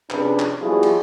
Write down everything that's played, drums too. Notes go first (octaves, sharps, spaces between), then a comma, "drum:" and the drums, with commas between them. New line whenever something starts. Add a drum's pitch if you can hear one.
F2 C3 C#4 D4 G#4 B4, drum: clap
drum: clap
F3 G3 B3 E4 F#4 G#4
drum: cymbal